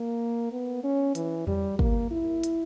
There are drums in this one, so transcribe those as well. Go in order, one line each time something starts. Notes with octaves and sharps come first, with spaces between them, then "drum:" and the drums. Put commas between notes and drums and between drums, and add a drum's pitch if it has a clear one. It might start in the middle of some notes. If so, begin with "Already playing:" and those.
Already playing: A#3
B3
C#4
E3, drum: hi-hat
G3, drum: tom E2
A#3, drum: kick
E4
drum: hi-hat